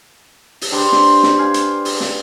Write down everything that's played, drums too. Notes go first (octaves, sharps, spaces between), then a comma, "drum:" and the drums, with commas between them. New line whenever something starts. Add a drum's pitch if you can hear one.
drum: open hi-hat
D4 G4 B4 C5
drum: snare
drum: snare
F5 G#5
drum: hi-hat
drum: open hi-hat
drum: snare